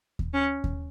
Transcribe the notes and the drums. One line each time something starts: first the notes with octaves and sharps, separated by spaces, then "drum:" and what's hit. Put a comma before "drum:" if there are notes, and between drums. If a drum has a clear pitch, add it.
drum: kick D#2
C#4
drum: kick D#2